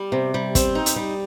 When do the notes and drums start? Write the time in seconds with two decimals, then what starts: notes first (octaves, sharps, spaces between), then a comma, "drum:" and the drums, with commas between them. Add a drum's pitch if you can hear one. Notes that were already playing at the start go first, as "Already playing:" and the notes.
Already playing: G3
0.12 C3
0.34 G3
0.55 C4, drum: kick, hi-hat
0.75 D#4
0.86 drum: hi-hat
0.96 G3